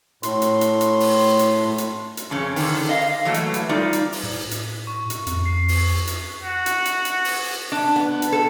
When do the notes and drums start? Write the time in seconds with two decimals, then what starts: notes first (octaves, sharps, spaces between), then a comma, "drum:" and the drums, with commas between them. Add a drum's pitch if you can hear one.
0.23 A2 C6, drum: hi-hat
0.42 drum: hi-hat
0.61 drum: hi-hat
0.81 drum: hi-hat
1.00 drum: open hi-hat
1.39 drum: hi-hat
1.78 drum: hi-hat
2.17 drum: hi-hat
2.30 F2 C#3 C#4
2.56 D3 D#3, drum: open hi-hat
2.89 D#5 F5
3.25 E3 F#3 A3 A#3
3.34 drum: hi-hat
3.54 drum: hi-hat
3.69 G3 D#4 F4 D5
3.93 drum: hi-hat
4.12 drum: open hi-hat
4.23 A2
4.51 drum: hi-hat
4.87 C#6
5.10 drum: hi-hat
5.27 F2, drum: hi-hat
5.46 C7
5.68 drum: open hi-hat
6.07 drum: hi-hat
6.43 F#4
6.66 drum: hi-hat
6.85 drum: hi-hat
7.05 drum: hi-hat
7.24 drum: open hi-hat
7.72 D4
7.96 B3
8.22 drum: hi-hat
8.32 A4